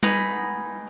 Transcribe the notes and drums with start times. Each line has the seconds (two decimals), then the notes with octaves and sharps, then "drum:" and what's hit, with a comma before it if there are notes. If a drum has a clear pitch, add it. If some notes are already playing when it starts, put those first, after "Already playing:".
0.03 B3 D#4 G#4 B5, drum: tom G3